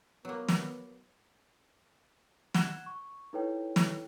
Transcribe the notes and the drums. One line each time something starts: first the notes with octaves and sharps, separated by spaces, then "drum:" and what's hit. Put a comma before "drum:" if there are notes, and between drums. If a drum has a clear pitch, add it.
F#3 A#3 B3
drum: snare
F#5 F#6 G#6 E7 G7, drum: snare
C#6
D#4 E4 A4 B4 C#5 G5
drum: snare